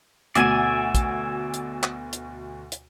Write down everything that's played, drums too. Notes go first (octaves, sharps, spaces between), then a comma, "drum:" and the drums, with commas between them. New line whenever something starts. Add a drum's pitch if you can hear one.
D2 B2 D5 E5 G#5 D#7, drum: hi-hat
drum: kick, hi-hat
drum: hi-hat
drum: clap
drum: hi-hat
drum: hi-hat